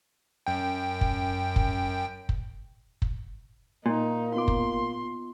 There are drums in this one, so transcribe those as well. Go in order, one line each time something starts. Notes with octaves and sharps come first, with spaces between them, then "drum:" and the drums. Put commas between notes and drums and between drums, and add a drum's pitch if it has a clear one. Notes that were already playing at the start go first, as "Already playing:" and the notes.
F#2 G5
drum: kick
drum: kick
drum: kick
drum: kick
A#2 A#3 D#4
B3 F4 C6 D6
drum: kick